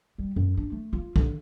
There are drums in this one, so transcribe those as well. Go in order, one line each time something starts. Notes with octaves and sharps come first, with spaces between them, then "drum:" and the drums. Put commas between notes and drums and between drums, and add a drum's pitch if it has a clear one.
G3
F#2
D4
A3
F4
D3, drum: kick B1